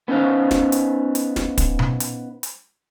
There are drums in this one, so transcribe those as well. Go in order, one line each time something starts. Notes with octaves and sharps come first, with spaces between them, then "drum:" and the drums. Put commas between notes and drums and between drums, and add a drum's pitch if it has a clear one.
B3 C#4 D#4 C5 F5
drum: snare
drum: hi-hat
drum: hi-hat
drum: snare
drum: kick, hi-hat
drum: tom B2
drum: hi-hat
drum: hi-hat